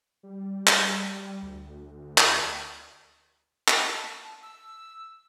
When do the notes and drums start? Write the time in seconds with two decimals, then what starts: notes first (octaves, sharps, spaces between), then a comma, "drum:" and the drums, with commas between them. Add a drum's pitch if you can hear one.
0.23 G3
0.67 drum: clap
1.43 D2
2.18 drum: clap
3.68 drum: clap
3.85 A5
4.43 E6